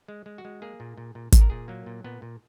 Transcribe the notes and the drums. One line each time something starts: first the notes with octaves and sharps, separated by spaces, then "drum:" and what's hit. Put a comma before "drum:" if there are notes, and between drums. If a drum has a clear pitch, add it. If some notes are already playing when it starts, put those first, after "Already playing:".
G#3
G#3
F#4
G#3
A#3 G#4
A#2
A#2
A#2
A#2 G#4, drum: kick, hi-hat
A#4
A#2 G#4
F#3 A#3
A#2
A#2 B3
A#2